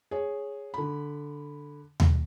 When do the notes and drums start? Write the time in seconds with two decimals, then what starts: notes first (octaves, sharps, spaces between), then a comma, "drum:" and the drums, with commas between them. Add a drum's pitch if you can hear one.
0.11 G#4 C#5
0.74 D3 B5
2.00 drum: tom D#2